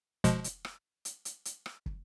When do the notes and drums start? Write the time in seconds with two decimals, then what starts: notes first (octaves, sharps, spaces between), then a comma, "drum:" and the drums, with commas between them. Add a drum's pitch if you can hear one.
0.24 B2 F3 G#3, drum: kick, hi-hat
0.44 drum: hi-hat
0.65 drum: rim click
1.05 drum: hi-hat
1.25 drum: hi-hat
1.45 drum: hi-hat
1.66 drum: rim click
1.86 drum: kick